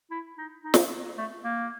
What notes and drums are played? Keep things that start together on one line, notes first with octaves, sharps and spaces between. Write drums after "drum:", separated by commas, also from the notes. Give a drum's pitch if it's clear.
E4
D#4
D#4
drum: snare
A3
A#3